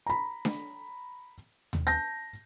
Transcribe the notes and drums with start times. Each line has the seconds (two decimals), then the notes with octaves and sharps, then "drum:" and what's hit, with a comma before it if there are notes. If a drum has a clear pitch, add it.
0.06 A#5 B5
0.45 drum: snare D4
1.73 drum: tom D#2
1.87 A5 G6 A#6